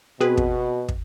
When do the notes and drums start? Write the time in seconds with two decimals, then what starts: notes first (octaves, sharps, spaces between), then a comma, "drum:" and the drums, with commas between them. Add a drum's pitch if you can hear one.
0.20 B2 C4 F#4 G#4 B4
0.37 drum: kick
0.89 drum: kick